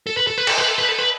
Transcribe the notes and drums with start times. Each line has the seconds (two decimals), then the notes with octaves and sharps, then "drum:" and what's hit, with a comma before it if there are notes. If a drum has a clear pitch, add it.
0.07 A4
0.17 B4
0.27 A4
0.38 B4
0.47 A4, drum: cymbal
0.58 B4
0.68 A4
0.78 B4
0.89 A4
0.99 B4